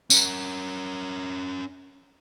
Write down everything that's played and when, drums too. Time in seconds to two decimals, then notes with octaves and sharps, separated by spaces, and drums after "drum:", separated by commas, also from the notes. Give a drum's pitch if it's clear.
0.10 C#4 A#4, drum: tambourine